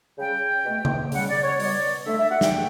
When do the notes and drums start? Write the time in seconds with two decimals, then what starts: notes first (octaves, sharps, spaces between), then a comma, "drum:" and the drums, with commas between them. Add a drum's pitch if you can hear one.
0.19 C#3 G3 G5
0.66 B2 A3
0.85 drum: tom C#3
1.12 C#3 G3 F#5, drum: open hi-hat
1.29 D5
1.44 C#5
1.60 B2 G3 D5, drum: open hi-hat
2.06 D3 A3 E5
2.18 E5
2.30 F#5
2.41 G5, drum: snare
2.53 A3